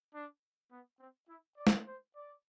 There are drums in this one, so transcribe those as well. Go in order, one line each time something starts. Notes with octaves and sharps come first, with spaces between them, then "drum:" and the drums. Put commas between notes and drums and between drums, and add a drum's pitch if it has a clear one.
D4
B3
C4
E4
D5
drum: snare
C5
D5